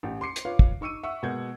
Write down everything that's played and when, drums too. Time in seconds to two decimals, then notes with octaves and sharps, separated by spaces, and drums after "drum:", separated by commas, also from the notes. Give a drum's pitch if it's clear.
0.03 A1 G4
0.21 C6 D6 C7 C#7
0.36 drum: hi-hat
0.45 F4 B4 C#5 F5
0.59 drum: kick
0.81 D#4 C#6 E6 C#7 D#7
1.03 E5 F#5 C#6 E6
1.23 B2 G#3 A#3 F#5 G6 G#6